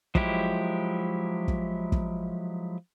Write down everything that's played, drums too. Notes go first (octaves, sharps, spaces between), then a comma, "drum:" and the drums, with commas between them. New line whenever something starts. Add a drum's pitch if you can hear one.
F3 F#3 G#3 E4 G4, drum: kick
drum: kick
drum: kick